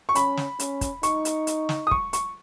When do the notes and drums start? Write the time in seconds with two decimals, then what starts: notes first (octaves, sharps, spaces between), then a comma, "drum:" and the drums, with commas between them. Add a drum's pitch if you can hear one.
0.09 C#6
0.15 C#4 B5, drum: hi-hat
0.37 drum: snare
0.59 C#4, drum: hi-hat
0.81 drum: kick, hi-hat
1.03 D#4 C#6, drum: hi-hat
1.25 drum: hi-hat
1.47 drum: hi-hat
1.69 drum: snare
1.87 D#6
1.91 C#6, drum: kick
2.13 C#6, drum: hi-hat